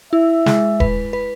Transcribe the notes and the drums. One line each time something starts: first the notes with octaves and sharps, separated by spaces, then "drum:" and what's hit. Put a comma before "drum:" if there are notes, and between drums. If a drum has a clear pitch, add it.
E4 E5
G#3, drum: snare
B4, drum: kick D#1
B4